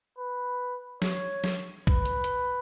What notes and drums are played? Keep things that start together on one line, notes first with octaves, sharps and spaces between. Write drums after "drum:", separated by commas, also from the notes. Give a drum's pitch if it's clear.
B4
C#5, drum: snare
drum: snare
B4, drum: kick
drum: hi-hat
drum: hi-hat